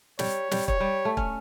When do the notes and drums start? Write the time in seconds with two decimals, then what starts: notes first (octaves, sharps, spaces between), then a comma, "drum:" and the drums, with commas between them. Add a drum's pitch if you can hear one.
0.19 G3 C#5, drum: snare
0.51 G3, drum: snare
0.68 C#5, drum: kick
0.80 G3
1.05 A3
1.17 C#4, drum: kick